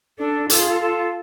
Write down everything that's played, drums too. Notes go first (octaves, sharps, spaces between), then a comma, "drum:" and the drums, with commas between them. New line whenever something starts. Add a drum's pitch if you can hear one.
D4 A4
F4 A4, drum: hi-hat
G#4
A4
A4